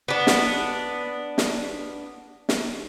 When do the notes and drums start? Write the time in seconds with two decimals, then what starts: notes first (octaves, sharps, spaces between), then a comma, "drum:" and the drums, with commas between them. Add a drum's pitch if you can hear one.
0.08 B3 D4
0.27 drum: snare
1.38 drum: snare
2.49 drum: snare